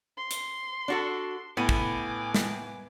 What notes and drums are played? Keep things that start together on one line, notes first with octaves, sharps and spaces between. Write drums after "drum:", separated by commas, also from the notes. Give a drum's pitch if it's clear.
C6
drum: hi-hat
D4 F#4 A4
A2 B3 G#5 D6 D#7
drum: kick
drum: snare